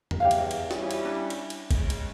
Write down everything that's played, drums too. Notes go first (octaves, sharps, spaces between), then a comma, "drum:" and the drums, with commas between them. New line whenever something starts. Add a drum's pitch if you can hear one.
drum: tom F2
E2 G4 C#5 F5
drum: cymbal
drum: cymbal
G3 C#4 E4, drum: snare
drum: cymbal
D4
drum: cymbal
drum: cymbal
C#3 G#3, drum: kick, cymbal
drum: cymbal